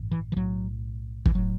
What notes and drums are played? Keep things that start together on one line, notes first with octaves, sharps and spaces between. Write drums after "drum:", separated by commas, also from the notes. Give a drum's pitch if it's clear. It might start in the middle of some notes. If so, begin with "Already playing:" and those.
Already playing: A1 G2
E3
E3
B1 A2 F#3
E3, drum: kick
A2 F#3